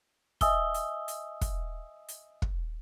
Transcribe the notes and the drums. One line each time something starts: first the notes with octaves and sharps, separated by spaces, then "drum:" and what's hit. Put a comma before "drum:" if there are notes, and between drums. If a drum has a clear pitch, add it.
D#5 E5 G#5 D#6 E6 G7, drum: kick, hi-hat
drum: hi-hat
drum: hi-hat
drum: kick, hi-hat
drum: hi-hat
drum: kick